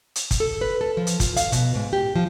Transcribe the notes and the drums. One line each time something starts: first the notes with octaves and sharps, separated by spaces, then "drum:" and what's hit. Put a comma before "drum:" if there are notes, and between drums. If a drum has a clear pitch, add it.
drum: hi-hat
drum: kick, hi-hat
A4
B4
A4
F3
drum: hi-hat
F4, drum: kick, hi-hat
F5, drum: hi-hat
B2, drum: hi-hat
G#2
G4
F3